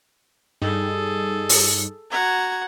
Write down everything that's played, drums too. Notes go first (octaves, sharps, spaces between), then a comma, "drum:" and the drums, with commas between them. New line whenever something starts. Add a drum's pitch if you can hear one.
G2 G3 D#4 G#4 A4
drum: open hi-hat
F#4 F#5 A#5 G#6